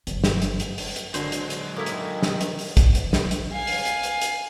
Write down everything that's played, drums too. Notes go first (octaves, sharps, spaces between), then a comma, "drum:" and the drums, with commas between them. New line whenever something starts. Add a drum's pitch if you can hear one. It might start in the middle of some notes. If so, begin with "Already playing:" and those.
G1 F#2, drum: hi-hat
drum: snare
drum: hi-hat
drum: hi-hat
drum: open hi-hat
drum: hi-hat
D3 F#3 G#3 D4 F#4 A#4 C5, drum: hi-hat
drum: hi-hat
drum: hi-hat
D#3 A#3 E4 A4 E6
drum: hi-hat
drum: snare
drum: hi-hat
drum: open hi-hat
drum: kick, hi-hat
drum: hi-hat
drum: snare
drum: hi-hat
F5 G#5
drum: open hi-hat
drum: hi-hat
drum: hi-hat
drum: hi-hat